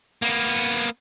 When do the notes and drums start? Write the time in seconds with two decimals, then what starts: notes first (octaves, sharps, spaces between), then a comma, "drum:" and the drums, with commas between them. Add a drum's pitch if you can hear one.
0.22 A#3 B3, drum: open hi-hat